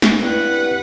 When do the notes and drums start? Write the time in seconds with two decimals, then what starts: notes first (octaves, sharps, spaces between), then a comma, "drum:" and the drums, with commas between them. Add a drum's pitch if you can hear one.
0.02 drum: snare
0.21 G2 C4 E4 G4 B4 F#5